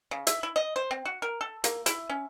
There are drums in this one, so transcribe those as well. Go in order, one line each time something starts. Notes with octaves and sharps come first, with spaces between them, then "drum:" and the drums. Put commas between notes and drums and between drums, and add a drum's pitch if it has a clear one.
C#3
E5, drum: hi-hat
E4
D#5
C5
C4
F#4
A#4
A4
A#3, drum: hi-hat
E4, drum: hi-hat
C#4